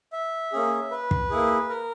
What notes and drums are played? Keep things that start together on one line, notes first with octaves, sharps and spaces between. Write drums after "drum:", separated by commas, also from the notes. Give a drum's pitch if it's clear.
E5
A#3 C#4 G#4
B4
drum: kick
A#3 E4 G#4
A#4